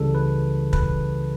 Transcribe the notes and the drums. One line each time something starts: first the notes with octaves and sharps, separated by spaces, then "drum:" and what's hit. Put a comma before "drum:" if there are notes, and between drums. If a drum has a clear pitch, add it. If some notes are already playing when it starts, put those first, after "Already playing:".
Already playing: C#2 C#3 E3 G3 A4
B4
B4, drum: kick